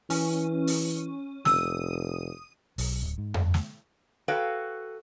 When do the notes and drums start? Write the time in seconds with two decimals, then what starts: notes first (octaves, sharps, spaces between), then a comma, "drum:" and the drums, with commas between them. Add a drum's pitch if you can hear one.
0.10 E3 C#4, drum: open hi-hat
0.67 drum: open hi-hat
1.45 F1 D#6 E6 D#7, drum: snare
2.78 B1, drum: open hi-hat
3.02 D1
3.18 G#2
3.34 drum: tom F2
3.54 drum: snare
4.28 F#4 A4 B4 C#5 F5 G5